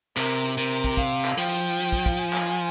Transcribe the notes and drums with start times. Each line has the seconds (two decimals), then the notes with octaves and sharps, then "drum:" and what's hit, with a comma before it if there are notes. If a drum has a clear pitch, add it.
0.17 C3 A#4, drum: clap
0.44 drum: hi-hat
0.57 C3 A#4
0.71 drum: hi-hat
0.84 drum: kick
0.97 F5, drum: kick, hi-hat
1.25 drum: clap
1.38 F3 G5
1.52 drum: hi-hat
1.79 drum: hi-hat
1.92 drum: kick
2.06 drum: kick
2.19 G#5
2.33 drum: clap